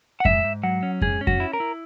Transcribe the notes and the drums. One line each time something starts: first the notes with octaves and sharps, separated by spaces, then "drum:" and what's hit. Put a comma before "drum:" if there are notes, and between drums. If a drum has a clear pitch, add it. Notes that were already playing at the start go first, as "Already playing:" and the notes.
F#5
G#2 E5, drum: kick F2
G#2
F#3 F#5
C#4
G#2 G#4, drum: kick F2
C#4
F#4, drum: kick F2
E4
A#4
E4